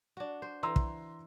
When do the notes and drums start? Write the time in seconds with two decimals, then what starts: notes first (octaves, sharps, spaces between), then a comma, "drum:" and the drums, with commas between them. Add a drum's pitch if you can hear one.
0.17 D4 F#4
0.42 C5
0.63 E3 A#5 C6 E6
0.76 drum: kick